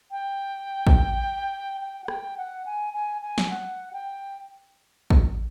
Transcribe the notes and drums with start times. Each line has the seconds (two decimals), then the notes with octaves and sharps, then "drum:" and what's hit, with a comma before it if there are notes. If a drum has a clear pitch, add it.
0.11 G5
0.87 drum: kick
1.81 G5
2.04 F#5
2.08 G5, drum: rim click
2.37 F#5
2.66 G#5
2.94 G#5
3.22 G#5
3.38 drum: snare
3.50 F#5
3.93 G5
5.10 drum: kick